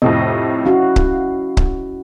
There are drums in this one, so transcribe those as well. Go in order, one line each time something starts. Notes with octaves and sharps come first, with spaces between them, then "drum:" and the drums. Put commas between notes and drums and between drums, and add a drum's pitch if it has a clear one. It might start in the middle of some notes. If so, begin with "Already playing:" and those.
F2 A2 C3 D#5
C#4 E4 F#4 F5
drum: kick C#1
drum: kick C#1